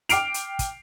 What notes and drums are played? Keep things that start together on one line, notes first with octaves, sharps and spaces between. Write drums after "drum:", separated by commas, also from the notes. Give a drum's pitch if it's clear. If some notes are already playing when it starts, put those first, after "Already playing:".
G5 D6 F6 C7 D7 F7, drum: hi-hat
drum: hi-hat
drum: kick, hi-hat